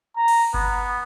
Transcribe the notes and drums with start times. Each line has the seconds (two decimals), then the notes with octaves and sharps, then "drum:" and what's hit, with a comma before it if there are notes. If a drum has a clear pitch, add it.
0.17 A#5
0.28 drum: cymbal
0.54 B3, drum: kick G1